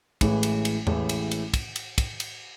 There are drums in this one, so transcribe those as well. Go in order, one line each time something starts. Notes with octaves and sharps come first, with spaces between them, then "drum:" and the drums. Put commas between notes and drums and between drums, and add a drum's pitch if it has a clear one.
A1 A2 E3 G#3, drum: kick, cymbal
drum: cymbal
drum: cymbal
A1 A2 E3 G#3, drum: tom E2
drum: cymbal
drum: cymbal
drum: kick, cymbal
drum: cymbal
drum: kick, cymbal
drum: cymbal